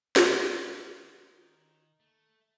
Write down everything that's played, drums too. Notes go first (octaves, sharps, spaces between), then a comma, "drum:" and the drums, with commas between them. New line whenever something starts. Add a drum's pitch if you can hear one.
F2, drum: snare
D#3
A3